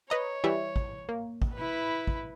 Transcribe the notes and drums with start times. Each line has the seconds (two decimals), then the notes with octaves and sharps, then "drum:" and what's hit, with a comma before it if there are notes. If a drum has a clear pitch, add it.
0.10 B4 C#5 D#5 A#5
0.44 E3 G3 E4
0.76 drum: kick
1.09 A#3
1.42 drum: kick
1.54 E4 B4
2.07 drum: kick